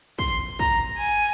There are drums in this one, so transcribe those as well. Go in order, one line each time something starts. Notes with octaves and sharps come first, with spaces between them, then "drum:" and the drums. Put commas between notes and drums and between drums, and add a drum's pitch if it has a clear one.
C6, drum: kick
A#5, drum: kick
G#5